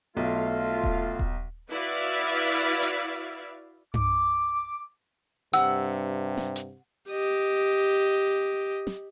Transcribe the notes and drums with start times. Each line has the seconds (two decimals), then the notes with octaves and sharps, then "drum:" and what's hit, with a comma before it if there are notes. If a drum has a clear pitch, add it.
0.17 B1 A3 F4
0.84 drum: kick D#1
1.19 drum: kick D#1
1.70 E4 F#4 B4 D5 E5 F5
2.82 drum: hi-hat
3.94 D6, drum: tom G2
5.54 G2 C3 F#5 E6
6.37 drum: snare
6.56 drum: hi-hat
7.10 G4 D#5
8.87 drum: snare